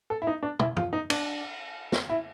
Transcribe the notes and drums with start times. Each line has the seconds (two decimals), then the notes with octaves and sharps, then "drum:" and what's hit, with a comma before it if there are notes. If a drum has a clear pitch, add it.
0.10 A4
0.22 E4
0.27 D#4
0.43 D4
0.59 E4, drum: tom
0.77 F4, drum: tom
0.93 D#4
1.10 D4, drum: cymbal
1.92 drum: snare
2.10 E4